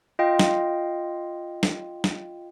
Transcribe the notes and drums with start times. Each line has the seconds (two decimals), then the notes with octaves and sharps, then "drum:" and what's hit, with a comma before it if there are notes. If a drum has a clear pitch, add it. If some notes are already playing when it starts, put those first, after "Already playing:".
0.19 F4 D#5 F5 G5
0.39 drum: snare
1.63 drum: snare
2.04 drum: snare